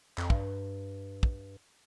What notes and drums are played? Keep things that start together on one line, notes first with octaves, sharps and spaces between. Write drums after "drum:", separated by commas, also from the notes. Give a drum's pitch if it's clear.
F2, drum: clap
G2, drum: kick
drum: kick